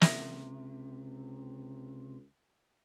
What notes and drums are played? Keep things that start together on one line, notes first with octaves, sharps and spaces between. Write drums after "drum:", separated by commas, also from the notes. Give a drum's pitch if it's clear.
C#2 C3 E5, drum: snare